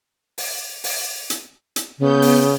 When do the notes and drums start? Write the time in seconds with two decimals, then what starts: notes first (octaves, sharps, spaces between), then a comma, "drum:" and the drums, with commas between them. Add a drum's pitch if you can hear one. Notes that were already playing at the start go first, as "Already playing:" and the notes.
0.38 drum: open hi-hat
0.84 drum: open hi-hat
1.30 drum: hi-hat
1.76 drum: hi-hat
1.99 C#3 B3 G6
2.22 drum: open hi-hat